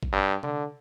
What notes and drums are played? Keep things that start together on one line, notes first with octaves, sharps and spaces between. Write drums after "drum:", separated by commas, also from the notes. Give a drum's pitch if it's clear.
drum: kick A1
G2
D3, drum: tom C3